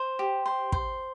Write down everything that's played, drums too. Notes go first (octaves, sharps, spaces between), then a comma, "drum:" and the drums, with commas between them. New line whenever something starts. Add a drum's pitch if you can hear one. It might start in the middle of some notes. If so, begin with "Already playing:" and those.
Already playing: C5
G4
C5
C5, drum: kick